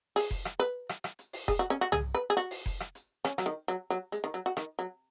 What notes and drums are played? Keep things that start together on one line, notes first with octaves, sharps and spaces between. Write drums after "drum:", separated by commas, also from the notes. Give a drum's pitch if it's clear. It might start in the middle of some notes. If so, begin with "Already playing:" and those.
G#4, drum: open hi-hat
drum: kick F1, hi-hat
drum: rim click
B4, drum: hi-hat
drum: rim click
drum: rim click
drum: hi-hat
drum: open hi-hat
G#4, drum: kick F1, hi-hat
F#4
C#4
F#4
G#4, drum: tom
B4
G#4
F#4, drum: hi-hat
drum: open hi-hat
drum: kick F1, hi-hat
drum: rim click
drum: hi-hat
C#4, drum: rim click
F#3, drum: rim click
D#3
F#3
F#3
G#3, drum: hi-hat
D#3
F#3
F#4
D#3, drum: rim click
F#3